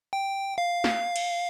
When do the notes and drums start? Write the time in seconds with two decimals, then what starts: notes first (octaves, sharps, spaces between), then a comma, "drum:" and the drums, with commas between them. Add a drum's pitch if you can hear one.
0.13 G5
0.58 F5
0.84 drum: snare
1.16 drum: cymbal